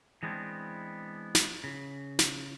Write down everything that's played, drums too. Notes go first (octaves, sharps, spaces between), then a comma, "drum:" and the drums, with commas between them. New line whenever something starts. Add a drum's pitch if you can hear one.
E3 G#3 B3 C4 D4 E4
drum: snare
C#3
drum: snare